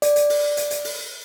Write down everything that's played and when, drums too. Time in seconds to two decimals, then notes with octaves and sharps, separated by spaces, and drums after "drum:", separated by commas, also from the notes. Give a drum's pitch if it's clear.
0.02 D5, drum: hi-hat
0.16 drum: hi-hat
0.30 drum: open hi-hat
0.57 drum: hi-hat
0.71 drum: hi-hat
0.84 drum: open hi-hat